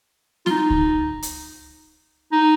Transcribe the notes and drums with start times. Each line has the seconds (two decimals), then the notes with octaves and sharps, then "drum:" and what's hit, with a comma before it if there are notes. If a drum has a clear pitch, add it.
0.46 F4, drum: snare C4
0.50 D#4
0.70 drum: kick C#2
1.22 drum: hi-hat
2.32 D#4